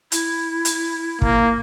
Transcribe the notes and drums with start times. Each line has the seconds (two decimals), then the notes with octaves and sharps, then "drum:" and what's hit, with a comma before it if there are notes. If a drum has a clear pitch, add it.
0.12 E4, drum: hi-hat
0.65 drum: hi-hat
1.22 A#3, drum: kick